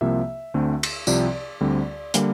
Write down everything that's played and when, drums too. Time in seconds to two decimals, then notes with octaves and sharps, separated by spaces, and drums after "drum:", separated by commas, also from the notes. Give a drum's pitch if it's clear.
0.01 C2 C3 F3 A#3 E5
0.54 D2 D3 A3 C4
0.83 drum: cymbal
1.07 C2 C3 F3 C4 D5, drum: tambourine
1.61 D2 D3 G3 C4
2.14 D3 G3 A#3, drum: hi-hat